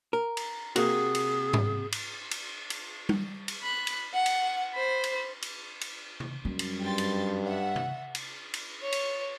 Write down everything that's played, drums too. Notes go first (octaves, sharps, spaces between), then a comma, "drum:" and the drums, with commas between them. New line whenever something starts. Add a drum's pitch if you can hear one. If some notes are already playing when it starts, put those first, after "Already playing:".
A#4
drum: cymbal
C3 A#3 F#4 G#4, drum: cymbal
drum: cymbal
drum: tom G#2
drum: cymbal
drum: cymbal
drum: cymbal
drum: tom G3
drum: cymbal
B5 F#6
drum: cymbal
F#5
drum: cymbal
C5 B5
drum: cymbal
drum: cymbal
drum: cymbal
drum: tom C3
F#2 G3
drum: cymbal
G2 G5 C6 A6
drum: cymbal
E5 F#5
drum: tom C3
drum: cymbal
drum: cymbal
C#5
drum: cymbal